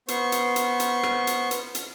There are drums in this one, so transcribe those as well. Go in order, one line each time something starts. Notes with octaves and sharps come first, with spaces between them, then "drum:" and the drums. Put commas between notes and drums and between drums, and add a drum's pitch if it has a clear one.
B3 C5 C#6, drum: hi-hat
drum: hi-hat
drum: hi-hat
drum: hi-hat
drum: rim click
drum: hi-hat
drum: hi-hat
drum: hi-hat